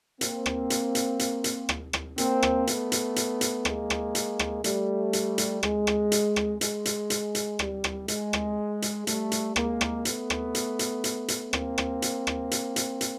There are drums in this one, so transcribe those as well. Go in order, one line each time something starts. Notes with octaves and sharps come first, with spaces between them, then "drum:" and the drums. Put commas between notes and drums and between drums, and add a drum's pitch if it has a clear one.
A#3 C4, drum: hi-hat
drum: rim click
drum: hi-hat
drum: hi-hat
drum: hi-hat
drum: hi-hat
drum: rim click
drum: rim click
A#3 C4, drum: hi-hat
drum: rim click
A3 B3, drum: hi-hat
drum: hi-hat
drum: hi-hat
drum: hi-hat
G#3 A#3, drum: rim click
drum: rim click
drum: hi-hat
drum: rim click
G3 A3, drum: hi-hat
drum: hi-hat
drum: hi-hat
G#3, drum: rim click
drum: rim click
drum: hi-hat
drum: rim click
G#3, drum: hi-hat
drum: hi-hat
drum: hi-hat
drum: hi-hat
G3, drum: rim click
drum: rim click
G#3, drum: hi-hat
drum: rim click
drum: hi-hat
G3 A3, drum: hi-hat
drum: hi-hat
G#3 A#3, drum: rim click
drum: rim click
A3 B3, drum: hi-hat
drum: rim click
drum: hi-hat
drum: hi-hat
drum: hi-hat
drum: hi-hat
A#3 C4, drum: rim click
drum: rim click
drum: hi-hat
drum: rim click
drum: hi-hat
drum: hi-hat
drum: hi-hat